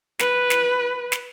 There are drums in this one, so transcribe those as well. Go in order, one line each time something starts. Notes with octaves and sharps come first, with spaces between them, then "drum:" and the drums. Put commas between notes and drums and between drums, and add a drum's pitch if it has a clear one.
B4, drum: snare
drum: snare
drum: snare